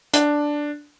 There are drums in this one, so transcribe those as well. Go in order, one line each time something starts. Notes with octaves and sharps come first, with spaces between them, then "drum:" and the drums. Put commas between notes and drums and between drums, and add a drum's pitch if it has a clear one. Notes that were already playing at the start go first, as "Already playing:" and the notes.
D4, drum: hi-hat